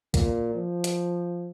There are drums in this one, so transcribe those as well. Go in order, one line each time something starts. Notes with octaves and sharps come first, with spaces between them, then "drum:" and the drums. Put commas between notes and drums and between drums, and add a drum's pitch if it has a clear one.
A#2, drum: kick, hi-hat
F3
drum: hi-hat